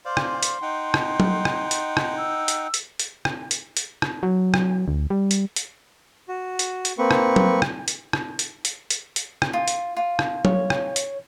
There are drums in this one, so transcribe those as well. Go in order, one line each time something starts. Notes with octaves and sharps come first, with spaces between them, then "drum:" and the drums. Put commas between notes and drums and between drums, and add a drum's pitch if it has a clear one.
C5 D5 F5 C6
drum: rim click
drum: hi-hat
D#4 F#5 G5
drum: rim click
drum: tom F#3
drum: rim click
drum: hi-hat
drum: rim click
E6
drum: hi-hat
drum: hi-hat
drum: hi-hat
drum: rim click
drum: hi-hat
drum: hi-hat
drum: rim click
F#3
drum: rim click
D2
G3
drum: hi-hat
drum: hi-hat
F#4
drum: hi-hat
drum: hi-hat
A#3 C4 B4 C#6
drum: rim click
drum: tom F#3
drum: rim click
drum: hi-hat
drum: rim click
drum: hi-hat
drum: hi-hat
drum: hi-hat
drum: hi-hat
drum: rim click
F4 D#6
drum: hi-hat
F4
drum: rim click
C#5, drum: tom F#3
drum: rim click
drum: hi-hat